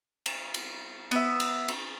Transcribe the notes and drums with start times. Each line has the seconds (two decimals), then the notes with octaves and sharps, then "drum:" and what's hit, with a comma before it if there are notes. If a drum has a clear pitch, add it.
0.26 drum: cymbal
0.54 drum: cymbal
1.11 B3 E5, drum: cymbal
1.40 drum: cymbal
1.68 drum: cymbal